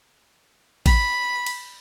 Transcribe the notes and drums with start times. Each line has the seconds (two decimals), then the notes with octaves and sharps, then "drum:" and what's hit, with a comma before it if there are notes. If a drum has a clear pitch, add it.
0.86 B5, drum: kick A1, cymbal
1.46 drum: cymbal